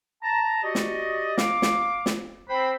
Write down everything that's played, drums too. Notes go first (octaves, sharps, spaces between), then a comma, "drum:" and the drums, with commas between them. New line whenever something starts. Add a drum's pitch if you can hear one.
A5 A#5
F#4 G4 D5 D#5
drum: snare
F5 D6, drum: snare
drum: snare
drum: snare
C4 C5 G5 B5